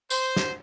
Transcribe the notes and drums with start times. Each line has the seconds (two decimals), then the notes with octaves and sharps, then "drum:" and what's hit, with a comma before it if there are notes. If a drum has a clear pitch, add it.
0.10 C5, drum: tambourine
0.36 drum: snare